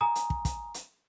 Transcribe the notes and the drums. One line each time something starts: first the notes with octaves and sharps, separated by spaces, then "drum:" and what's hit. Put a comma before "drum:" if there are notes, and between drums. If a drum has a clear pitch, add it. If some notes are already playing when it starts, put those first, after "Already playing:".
G#5 A#5 D#6
drum: hi-hat
drum: kick
drum: kick, hi-hat
drum: hi-hat